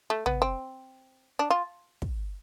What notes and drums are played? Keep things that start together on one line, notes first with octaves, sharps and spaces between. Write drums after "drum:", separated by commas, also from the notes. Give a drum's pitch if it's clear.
A3
B3, drum: tom
C4
D4
F4
drum: kick